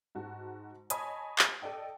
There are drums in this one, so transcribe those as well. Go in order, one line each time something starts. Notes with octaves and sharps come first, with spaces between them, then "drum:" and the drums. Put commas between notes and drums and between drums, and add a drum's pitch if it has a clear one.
G#2 F#4 A5
C#5 D#5 G#5 A5 B5 D#6, drum: hi-hat
drum: clap
A4 D5 D#5 G5